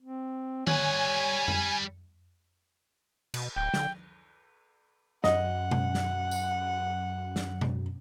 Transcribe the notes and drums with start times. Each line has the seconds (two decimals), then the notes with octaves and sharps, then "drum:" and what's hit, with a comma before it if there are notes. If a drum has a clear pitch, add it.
0.01 C4
0.67 G3 C#5 F#5 G#5, drum: tom D3
1.48 drum: tom F2
3.34 B2, drum: cymbal
3.56 D1 G5
3.74 D3, drum: snare
5.24 F#2 D#5 F#5, drum: snare
5.71 drum: tom B2
5.95 drum: snare
6.31 drum: tambourine
7.36 drum: snare
7.61 drum: tom B2